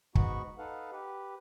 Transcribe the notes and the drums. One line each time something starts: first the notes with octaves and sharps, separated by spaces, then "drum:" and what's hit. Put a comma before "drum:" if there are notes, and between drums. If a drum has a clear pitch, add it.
G#2 B3 D#4 F#4 B5 C#6, drum: kick
D#4 A4 B4 F5 F#5
G4 B4